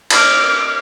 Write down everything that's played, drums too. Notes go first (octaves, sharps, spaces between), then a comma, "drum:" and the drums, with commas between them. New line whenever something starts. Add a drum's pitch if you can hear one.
D6 F6, drum: cymbal